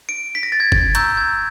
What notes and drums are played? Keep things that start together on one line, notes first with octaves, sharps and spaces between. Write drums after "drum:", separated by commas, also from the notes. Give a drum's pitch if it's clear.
D7
B6
A#6
A6
G#6
drum: kick F#1
A#5 C#6 E6 G6, drum: hi-hat
G#6